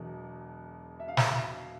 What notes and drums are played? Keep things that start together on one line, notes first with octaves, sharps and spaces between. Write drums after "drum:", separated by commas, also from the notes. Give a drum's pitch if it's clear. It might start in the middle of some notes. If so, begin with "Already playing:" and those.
Already playing: E1 E2 B2 F#3
E5
F5
E5, drum: snare